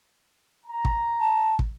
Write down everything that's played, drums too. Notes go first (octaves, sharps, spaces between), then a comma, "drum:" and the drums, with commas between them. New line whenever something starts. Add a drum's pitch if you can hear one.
A#5
drum: kick
A5
drum: kick